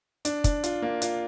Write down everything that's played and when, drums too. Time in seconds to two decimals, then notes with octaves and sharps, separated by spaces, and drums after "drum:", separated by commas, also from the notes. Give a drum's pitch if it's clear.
0.25 D4, drum: hi-hat
0.44 D4, drum: kick, hi-hat
0.64 F4, drum: hi-hat
0.82 A#3
1.02 F4, drum: hi-hat